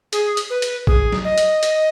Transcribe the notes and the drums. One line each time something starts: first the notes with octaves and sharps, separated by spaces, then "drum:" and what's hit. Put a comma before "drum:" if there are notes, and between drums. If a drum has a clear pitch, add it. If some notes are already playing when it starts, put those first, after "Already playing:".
G#4, drum: hi-hat
drum: hi-hat
B4
drum: hi-hat
G#4, drum: kick
drum: snare
D#5
drum: hi-hat
drum: hi-hat